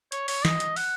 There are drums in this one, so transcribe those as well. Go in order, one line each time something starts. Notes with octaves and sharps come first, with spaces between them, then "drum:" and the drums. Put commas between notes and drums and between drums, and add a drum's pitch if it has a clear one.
C#5, drum: hi-hat
C#5, drum: open hi-hat
D#5, drum: snare
drum: hi-hat
F#5, drum: open hi-hat